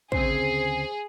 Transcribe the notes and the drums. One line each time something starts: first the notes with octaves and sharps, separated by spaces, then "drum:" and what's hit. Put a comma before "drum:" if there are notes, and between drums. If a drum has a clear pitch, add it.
D2 C#3 C4 G#4 C5 C7, drum: kick